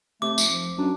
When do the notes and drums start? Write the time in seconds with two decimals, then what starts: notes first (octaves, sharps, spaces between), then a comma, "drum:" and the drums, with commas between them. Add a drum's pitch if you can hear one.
0.22 C3 A3 D6
0.38 F1, drum: tambourine
0.53 F3
0.78 F#2 D4